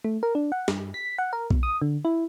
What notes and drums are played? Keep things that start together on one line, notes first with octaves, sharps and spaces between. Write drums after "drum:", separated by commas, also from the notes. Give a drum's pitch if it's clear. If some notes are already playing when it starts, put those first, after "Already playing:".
A3
A#4
D4
F#5
G2, drum: snare
B6
F#5
A#4
B2, drum: kick B1
D#6
D3
E4